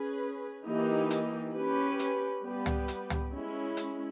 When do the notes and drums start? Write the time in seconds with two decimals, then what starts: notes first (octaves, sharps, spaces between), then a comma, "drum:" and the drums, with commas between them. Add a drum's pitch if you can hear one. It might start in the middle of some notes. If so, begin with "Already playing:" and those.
Already playing: C#4 G#4 B4
0.67 E3 A#3 D#4 G4
1.11 drum: hi-hat
1.56 C#4 G4 B4
1.99 drum: hi-hat
2.44 G3 B3 G4 B4
2.66 drum: tom
2.88 drum: hi-hat
3.10 drum: tom
3.32 G#3 C#4 E4
3.77 drum: hi-hat